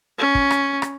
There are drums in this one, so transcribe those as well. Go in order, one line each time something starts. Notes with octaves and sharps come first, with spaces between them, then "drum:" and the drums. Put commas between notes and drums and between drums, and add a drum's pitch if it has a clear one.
C#4
drum: kick
drum: rim click
drum: rim click